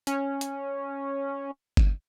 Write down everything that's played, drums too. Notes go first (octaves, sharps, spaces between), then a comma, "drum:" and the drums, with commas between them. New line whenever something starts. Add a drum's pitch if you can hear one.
C#4, drum: hi-hat
drum: hi-hat
drum: kick G1